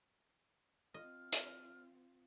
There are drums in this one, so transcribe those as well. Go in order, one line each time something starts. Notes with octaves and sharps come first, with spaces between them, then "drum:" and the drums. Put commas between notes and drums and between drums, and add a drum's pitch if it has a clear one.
C4 F4 D#5 F6
drum: hi-hat